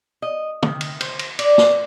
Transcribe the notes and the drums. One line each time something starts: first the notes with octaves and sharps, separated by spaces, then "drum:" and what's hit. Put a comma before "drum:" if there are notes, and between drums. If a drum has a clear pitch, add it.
D#5
C3 D#3, drum: tom
drum: cymbal
C5, drum: cymbal
drum: cymbal
D5, drum: cymbal
drum: snare